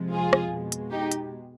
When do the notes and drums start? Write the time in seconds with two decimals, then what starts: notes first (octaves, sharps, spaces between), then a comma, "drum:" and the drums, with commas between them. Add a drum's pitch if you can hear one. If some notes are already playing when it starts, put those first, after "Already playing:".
Already playing: F2 C3 F3 G#3
0.13 F4 G#4
0.33 drum: rim click
0.53 B2 G#3
0.72 drum: hi-hat
0.91 D#4 G4
1.12 drum: hi-hat